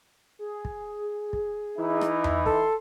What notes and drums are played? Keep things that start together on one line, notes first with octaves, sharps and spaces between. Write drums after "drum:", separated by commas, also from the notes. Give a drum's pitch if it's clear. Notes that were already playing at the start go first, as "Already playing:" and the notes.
G#4
drum: kick
drum: kick
E3 D#4 E4
drum: rim click
drum: tom E2
A4 C6, drum: kick